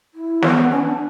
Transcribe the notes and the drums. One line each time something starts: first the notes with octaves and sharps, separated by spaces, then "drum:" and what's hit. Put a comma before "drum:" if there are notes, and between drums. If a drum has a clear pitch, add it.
E4
B3, drum: snare
C#4
D4